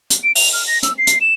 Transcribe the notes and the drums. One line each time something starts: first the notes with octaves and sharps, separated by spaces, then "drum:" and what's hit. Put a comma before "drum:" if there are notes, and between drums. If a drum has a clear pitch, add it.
drum: hi-hat
D7
F7, drum: open hi-hat
F6
A#6
E6, drum: hi-hat
C7
drum: hi-hat
E7